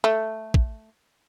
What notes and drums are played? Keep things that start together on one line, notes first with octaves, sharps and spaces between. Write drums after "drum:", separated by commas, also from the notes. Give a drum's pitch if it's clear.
A3
drum: kick